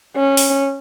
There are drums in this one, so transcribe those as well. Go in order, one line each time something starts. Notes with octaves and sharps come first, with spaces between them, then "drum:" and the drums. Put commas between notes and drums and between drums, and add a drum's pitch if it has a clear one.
C#4
drum: open hi-hat